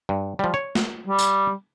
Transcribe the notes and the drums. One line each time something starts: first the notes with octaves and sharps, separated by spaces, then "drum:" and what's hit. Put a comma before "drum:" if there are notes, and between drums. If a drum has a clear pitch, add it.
G2
F3 G3
C#5
drum: snare
G3
drum: tambourine